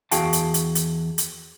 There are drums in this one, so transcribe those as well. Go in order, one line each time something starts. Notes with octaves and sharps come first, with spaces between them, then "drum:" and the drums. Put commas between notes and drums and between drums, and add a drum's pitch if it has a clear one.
E2 F#4 G#4 F5 G5 A5, drum: hi-hat
drum: hi-hat
drum: hi-hat
drum: hi-hat
drum: hi-hat